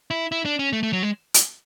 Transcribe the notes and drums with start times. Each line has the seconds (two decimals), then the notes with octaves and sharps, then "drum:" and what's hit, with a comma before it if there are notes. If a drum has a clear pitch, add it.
0.11 E4
0.32 E4
0.45 D4
0.59 C#4
0.73 A3
0.83 A3
0.93 F#3
1.03 G#3
1.34 drum: hi-hat